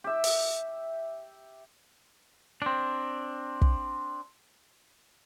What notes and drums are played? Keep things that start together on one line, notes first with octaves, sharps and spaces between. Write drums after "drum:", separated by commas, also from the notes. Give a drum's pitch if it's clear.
G4 E5
drum: open hi-hat
C4 D4
drum: kick